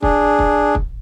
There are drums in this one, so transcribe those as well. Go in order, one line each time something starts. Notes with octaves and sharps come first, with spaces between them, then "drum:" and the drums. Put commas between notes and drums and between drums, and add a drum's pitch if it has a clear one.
D4 G#4, drum: kick
drum: kick
drum: kick